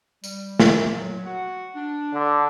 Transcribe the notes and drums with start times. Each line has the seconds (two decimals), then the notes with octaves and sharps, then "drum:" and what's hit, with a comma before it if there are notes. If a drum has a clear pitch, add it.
0.24 G3, drum: tambourine
0.60 drum: snare
0.90 F#3
1.26 F#4 F#5
1.75 D4
2.14 D3